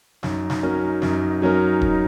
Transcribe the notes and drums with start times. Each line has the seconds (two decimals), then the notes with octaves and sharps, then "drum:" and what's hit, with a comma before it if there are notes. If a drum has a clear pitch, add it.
0.23 F#2 D#4, drum: snare
0.50 drum: snare
0.63 F#3 C#4 A#4
1.02 F#2, drum: snare
1.42 F#3 C#4 A#4
1.81 drum: kick D#1